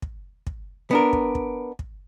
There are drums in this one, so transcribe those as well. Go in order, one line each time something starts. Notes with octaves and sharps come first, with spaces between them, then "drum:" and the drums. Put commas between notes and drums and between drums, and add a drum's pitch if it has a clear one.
drum: kick
drum: kick
B3 D4 A#4
drum: kick
drum: kick
drum: kick